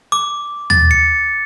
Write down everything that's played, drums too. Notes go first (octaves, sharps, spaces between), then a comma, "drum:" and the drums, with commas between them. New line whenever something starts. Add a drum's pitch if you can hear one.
D6
A6, drum: tom D#2
C#7